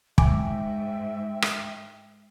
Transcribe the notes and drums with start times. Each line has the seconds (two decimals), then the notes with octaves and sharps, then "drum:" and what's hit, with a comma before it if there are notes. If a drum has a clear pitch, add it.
0.18 G#2 E5 G5 G#5 D6, drum: kick
1.42 drum: rim click